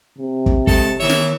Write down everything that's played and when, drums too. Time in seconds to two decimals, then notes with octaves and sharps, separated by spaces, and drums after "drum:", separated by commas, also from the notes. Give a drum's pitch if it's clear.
0.18 C3
0.46 drum: kick
0.67 G#3 A4 A5, drum: kick
1.00 D#3 E3 C#5 E5
1.10 drum: snare